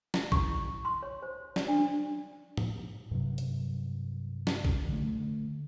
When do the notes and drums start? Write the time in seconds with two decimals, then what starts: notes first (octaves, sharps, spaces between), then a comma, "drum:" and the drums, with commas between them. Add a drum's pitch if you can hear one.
0.14 E4, drum: snare
0.32 C#6, drum: kick
0.85 C6
1.03 C#5
1.23 C5
1.56 D5, drum: snare
1.68 D4
2.57 drum: tom A2
3.11 G2 C3 F#3
3.38 drum: hi-hat
4.47 drum: snare
4.65 drum: kick
4.89 D3 A3